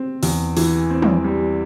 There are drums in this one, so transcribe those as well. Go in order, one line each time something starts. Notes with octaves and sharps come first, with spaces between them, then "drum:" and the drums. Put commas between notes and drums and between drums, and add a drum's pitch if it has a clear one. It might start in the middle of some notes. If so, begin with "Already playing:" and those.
Already playing: C4
E2, drum: open hi-hat
E3, drum: open hi-hat
C4
drum: tom
G3